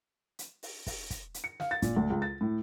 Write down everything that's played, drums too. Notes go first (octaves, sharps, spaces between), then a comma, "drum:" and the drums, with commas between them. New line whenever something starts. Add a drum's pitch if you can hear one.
drum: hi-hat
drum: open hi-hat
drum: kick, open hi-hat
drum: kick, hi-hat
drum: hi-hat
C#7
F5, drum: snare
A6
A#2, drum: kick, hi-hat
D2
C#2
A6
A2